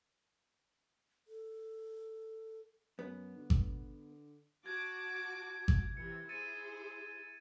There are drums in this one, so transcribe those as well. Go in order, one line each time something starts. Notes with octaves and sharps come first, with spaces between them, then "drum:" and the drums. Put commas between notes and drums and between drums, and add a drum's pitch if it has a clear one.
A4
F#2 B3
D3
drum: kick G#1
F#4 A5 D6 G#6
drum: kick G#1
C3 E3 C#7
E4 G#4 C5 A6 C#7 D#7